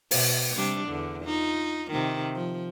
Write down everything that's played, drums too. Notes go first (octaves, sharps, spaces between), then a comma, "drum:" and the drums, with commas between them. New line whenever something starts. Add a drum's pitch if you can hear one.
B2, drum: open hi-hat
C3 G3 D4
E2 D3
D#4 F4
C3 D#3
F3